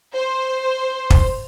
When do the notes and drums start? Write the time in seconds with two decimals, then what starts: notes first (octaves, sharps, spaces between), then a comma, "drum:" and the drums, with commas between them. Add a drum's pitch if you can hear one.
0.16 C5
1.10 drum: kick